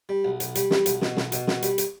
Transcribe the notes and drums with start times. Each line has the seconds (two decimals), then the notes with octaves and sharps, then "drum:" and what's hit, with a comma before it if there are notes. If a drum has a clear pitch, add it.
0.09 G3
0.25 B1
0.40 B1, drum: hi-hat
0.55 G3, drum: hi-hat
0.71 G3, drum: snare
0.86 B1, drum: hi-hat
1.02 B2, drum: snare
1.17 B1, drum: snare
1.32 B2, drum: hi-hat
1.48 B2, drum: snare
1.62 G3, drum: hi-hat
1.78 drum: hi-hat